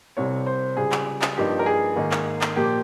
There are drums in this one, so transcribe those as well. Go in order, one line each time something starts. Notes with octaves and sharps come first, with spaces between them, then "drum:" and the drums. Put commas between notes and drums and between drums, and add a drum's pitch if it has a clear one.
C2 C3 G3 C4 C#5
C5
C#2 C#3 G3 G#4
drum: clap
drum: clap
G2 F3 A#3 D#4 G4
A#4
G#4
G#2 D#3 A#3 D#4
drum: clap
drum: clap
A#2 F3 A#3 G4